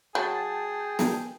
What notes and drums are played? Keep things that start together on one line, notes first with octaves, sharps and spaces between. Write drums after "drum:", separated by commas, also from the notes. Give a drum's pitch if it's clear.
F#3 G#4 G5 A5
drum: snare